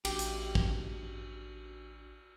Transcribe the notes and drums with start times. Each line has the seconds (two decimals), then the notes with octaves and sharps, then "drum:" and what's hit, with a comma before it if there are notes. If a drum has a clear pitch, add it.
0.05 A1 D4 F#4 G4, drum: cymbal
0.19 drum: hi-hat
0.55 drum: kick